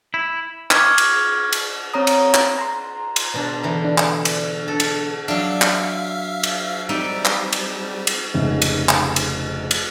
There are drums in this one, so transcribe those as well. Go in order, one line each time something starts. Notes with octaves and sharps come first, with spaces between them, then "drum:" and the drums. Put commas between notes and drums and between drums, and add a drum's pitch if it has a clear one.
E4
C#6 D6 E6 F6 G#6 B6, drum: clap
drum: cymbal
drum: cymbal
C4 C#5 A#5 D#6
drum: cymbal
drum: clap
A#5 C6
drum: cymbal
B2 D4
D3 E3
D4
drum: clap
drum: cymbal
A4
drum: cymbal
F#3 D4 E5 F5
drum: clap
drum: cymbal
G3 C4 D#4 D5 E5
drum: clap
drum: cymbal
drum: cymbal
F1 G#2 C#3 E5
drum: cymbal
drum: clap
drum: cymbal
drum: cymbal